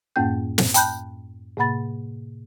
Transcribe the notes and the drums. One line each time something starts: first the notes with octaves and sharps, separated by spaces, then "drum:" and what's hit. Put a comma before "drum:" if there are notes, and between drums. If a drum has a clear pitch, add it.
F#2 A2 A#3 C#4 G5 G6
drum: snare
G5 A5 B5 F#6 G6, drum: hi-hat
A2 C3 A#3 F#5 B5 A6